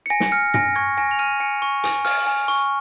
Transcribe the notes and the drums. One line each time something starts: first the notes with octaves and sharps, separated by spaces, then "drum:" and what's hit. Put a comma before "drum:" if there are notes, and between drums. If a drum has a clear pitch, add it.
C#7
G#5 A#6
drum: snare
F6 C#7
G#5 A#6, drum: tom
C#6 G#6
G#5 A#6
F7
F6 D#7
G#5 C#7
C#6
G#5, drum: hi-hat
F6, drum: open hi-hat
G#5
C#6